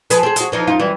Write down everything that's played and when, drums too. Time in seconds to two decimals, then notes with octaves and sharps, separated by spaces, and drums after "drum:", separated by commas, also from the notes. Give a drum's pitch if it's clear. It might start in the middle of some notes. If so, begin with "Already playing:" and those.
0.10 F3 G#4 B4, drum: hi-hat
0.23 C4 G#4
0.36 G#3 F#4, drum: hi-hat
0.52 E3 F3 D#4
0.67 F#2 D#4 F4
0.79 F#2 E3 G3